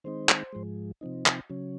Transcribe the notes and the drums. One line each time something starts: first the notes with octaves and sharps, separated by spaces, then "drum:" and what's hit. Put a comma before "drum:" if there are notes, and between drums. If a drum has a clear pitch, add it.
D#3 G#3 C4 D#4 C5
drum: clap
G#2 F3 G#3
C3 F3 C4 D#4
drum: clap
C#3 F#3 C#4